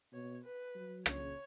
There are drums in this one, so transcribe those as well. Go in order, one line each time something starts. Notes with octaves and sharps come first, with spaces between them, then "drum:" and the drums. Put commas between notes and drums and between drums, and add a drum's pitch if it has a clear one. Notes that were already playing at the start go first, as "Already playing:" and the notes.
B2 C#5
B4
F#3
C#3 C#5, drum: rim click